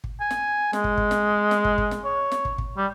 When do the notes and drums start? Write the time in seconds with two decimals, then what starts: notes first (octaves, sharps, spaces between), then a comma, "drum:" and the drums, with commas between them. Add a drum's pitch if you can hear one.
0.04 drum: kick
0.21 G#5
0.31 drum: snare
0.73 G#3, drum: snare
0.84 drum: kick
0.98 drum: kick
1.11 drum: snare
1.51 drum: snare
1.65 drum: kick
1.78 drum: kick
1.91 drum: snare
2.05 C#5
2.32 drum: snare
2.45 drum: kick
2.58 drum: kick
2.77 G3